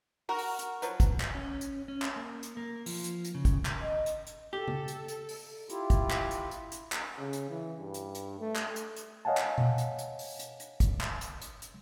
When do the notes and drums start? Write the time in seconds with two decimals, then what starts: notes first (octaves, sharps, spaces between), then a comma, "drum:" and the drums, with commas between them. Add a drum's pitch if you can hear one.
0.29 F#4 A#4 A#5
0.39 drum: open hi-hat
0.59 drum: hi-hat
0.82 F3 F#3 B4, drum: hi-hat
1.00 drum: kick, hi-hat
1.20 drum: clap
1.35 C#4
1.61 drum: hi-hat
1.88 C#4
2.02 drum: clap
2.16 A#3
2.43 drum: hi-hat
2.57 A#3
2.86 F3, drum: open hi-hat
3.04 drum: hi-hat
3.25 drum: hi-hat
3.35 C#3
3.45 drum: kick, hi-hat
3.65 drum: clap
3.82 D#5
4.06 drum: hi-hat
4.27 drum: hi-hat
4.53 G4 A4
4.68 drum: tom C#3
4.88 drum: hi-hat
5.08 drum: hi-hat
5.29 drum: open hi-hat
5.70 E4 F4 G4, drum: hi-hat
5.90 drum: kick, hi-hat
6.10 drum: clap
6.31 drum: hi-hat
6.51 drum: hi-hat
6.72 drum: hi-hat
6.92 drum: clap
7.18 C#3
7.33 drum: hi-hat
7.50 E3
7.79 G2
7.94 drum: hi-hat
8.15 drum: hi-hat
8.40 A3
8.56 drum: clap
8.76 drum: hi-hat
8.96 drum: hi-hat
9.25 C#5 D#5 F5 F#5 G#5 A5
9.37 drum: clap
9.58 drum: tom B2
9.78 drum: hi-hat
9.99 drum: hi-hat
10.19 drum: open hi-hat
10.39 drum: hi-hat
10.60 drum: hi-hat
10.80 drum: kick, hi-hat
11.01 drum: clap
11.21 drum: hi-hat
11.42 drum: hi-hat
11.62 drum: hi-hat